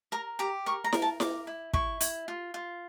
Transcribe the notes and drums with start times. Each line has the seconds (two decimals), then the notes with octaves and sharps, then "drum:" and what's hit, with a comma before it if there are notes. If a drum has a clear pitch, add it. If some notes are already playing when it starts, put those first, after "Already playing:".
0.12 A#4 A#5
0.39 G4 A#5
0.66 A#4 C#6
0.84 A#5
0.93 A#4, drum: snare E4
1.02 A5
1.20 A#4 D6, drum: snare E4
1.47 E4
1.74 E4 C#6, drum: kick
2.01 E4, drum: hi-hat
2.28 F4
2.54 F4